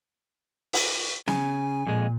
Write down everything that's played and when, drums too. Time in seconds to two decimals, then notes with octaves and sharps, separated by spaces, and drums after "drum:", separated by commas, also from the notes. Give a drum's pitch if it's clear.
0.73 drum: open hi-hat
1.28 C#3 G#5, drum: snare
1.87 F2 A#2 G#3